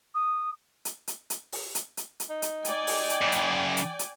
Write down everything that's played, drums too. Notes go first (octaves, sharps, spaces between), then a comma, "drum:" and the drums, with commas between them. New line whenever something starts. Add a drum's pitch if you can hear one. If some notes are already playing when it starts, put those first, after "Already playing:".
D#6
drum: hi-hat
drum: hi-hat
drum: hi-hat
drum: open hi-hat
drum: hi-hat
drum: hi-hat
drum: hi-hat
D#4
drum: hi-hat
D5 G5 G#5, drum: hi-hat
drum: open hi-hat
drum: hi-hat
F#2 C#3
drum: hi-hat
drum: hi-hat
drum: hi-hat